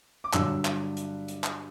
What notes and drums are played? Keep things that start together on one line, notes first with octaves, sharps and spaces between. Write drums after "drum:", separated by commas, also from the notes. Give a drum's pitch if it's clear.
D6
G2 D3 F#3 E6, drum: clap
drum: clap
drum: hi-hat
drum: hi-hat
drum: clap